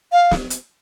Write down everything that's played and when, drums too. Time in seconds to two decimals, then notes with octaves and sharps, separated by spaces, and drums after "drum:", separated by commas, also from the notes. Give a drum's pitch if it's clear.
0.12 F5
0.31 drum: snare
0.50 drum: hi-hat